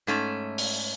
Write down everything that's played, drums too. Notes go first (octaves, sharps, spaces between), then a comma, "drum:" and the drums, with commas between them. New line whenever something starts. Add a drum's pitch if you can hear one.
G#2 A3 C#4
drum: open hi-hat